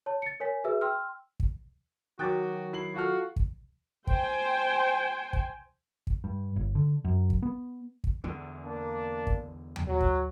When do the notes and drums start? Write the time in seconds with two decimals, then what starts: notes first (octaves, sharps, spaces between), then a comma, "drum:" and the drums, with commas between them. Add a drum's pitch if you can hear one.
0.06 C#5 A5
0.22 A6 C#7
0.40 A#4 C#5 G#5 B6
0.64 F#4 G#4 B4 E5 E6
0.81 G5 C6 E6 F6
1.40 drum: kick
2.19 D#3 F#3 F#4 G5 D6 D#6 F#6 A6
2.73 E4 C7 F#7
2.95 F4 F#4 A4 F6
3.36 drum: kick
4.07 C5 G5 G#5, drum: kick
5.33 drum: kick
6.07 drum: kick
6.24 G2
6.56 G1
6.75 D3
7.05 F#2
7.30 drum: kick
7.43 B3
8.04 drum: kick
8.24 E2 D3
8.65 A#3 D4
9.27 drum: kick
9.76 drum: tom
9.87 F#3
10.00 drum: kick